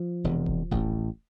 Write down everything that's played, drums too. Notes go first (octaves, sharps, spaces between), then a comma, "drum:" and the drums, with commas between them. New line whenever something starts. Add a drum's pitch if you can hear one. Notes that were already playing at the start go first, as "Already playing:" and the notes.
Already playing: F3
E1 E2 C3
drum: kick D#1
A1 A2, drum: kick D#1